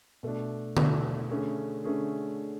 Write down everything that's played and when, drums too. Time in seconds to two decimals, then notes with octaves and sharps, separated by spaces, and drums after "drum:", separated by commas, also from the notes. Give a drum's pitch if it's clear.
0.23 B2 A3 D4
0.77 B2 A3 D4, drum: tom D3
1.30 D3 A3 C#4 G#4
1.84 D3 A3 C#4 G#4